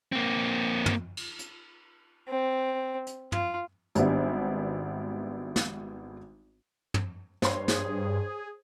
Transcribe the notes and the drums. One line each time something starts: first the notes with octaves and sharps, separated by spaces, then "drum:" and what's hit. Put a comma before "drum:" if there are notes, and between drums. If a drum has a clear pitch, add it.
A#3 C4
drum: tom
drum: cymbal
drum: hi-hat
C4
drum: hi-hat
F4, drum: tom
G#1 G3 B3 D4 E5, drum: hi-hat
drum: snare
drum: tom
G2 C5 C#5 C6, drum: snare
G#4, drum: snare